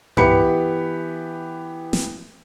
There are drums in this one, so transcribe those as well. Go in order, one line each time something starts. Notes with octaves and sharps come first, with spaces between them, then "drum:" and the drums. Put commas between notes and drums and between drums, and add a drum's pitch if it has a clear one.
E3 B3 G4 B5 C#7, drum: tom G2
drum: snare